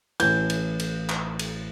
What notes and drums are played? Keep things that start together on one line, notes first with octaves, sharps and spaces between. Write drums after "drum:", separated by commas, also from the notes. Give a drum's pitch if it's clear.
A1 A2 E3 G6, drum: cymbal
drum: cymbal
drum: cymbal
drum: clap
drum: cymbal